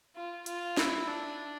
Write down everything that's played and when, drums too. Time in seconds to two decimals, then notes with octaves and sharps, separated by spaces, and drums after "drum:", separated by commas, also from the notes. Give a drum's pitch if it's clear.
0.16 F4
0.46 F4, drum: hi-hat
0.77 E4, drum: snare
1.07 D4